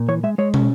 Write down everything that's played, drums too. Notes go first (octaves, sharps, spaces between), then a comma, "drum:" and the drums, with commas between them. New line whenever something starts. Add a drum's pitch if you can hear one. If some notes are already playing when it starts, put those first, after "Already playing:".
Already playing: A#2
E3 C#5
G#3 E5
G#3 C#5
C#4, drum: tom